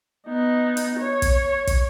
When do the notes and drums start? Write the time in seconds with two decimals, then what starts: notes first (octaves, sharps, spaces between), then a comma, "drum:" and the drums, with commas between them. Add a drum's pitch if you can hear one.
0.27 B3 D#4
0.77 drum: hi-hat
0.99 C#5
1.22 drum: kick, hi-hat
1.67 drum: kick, hi-hat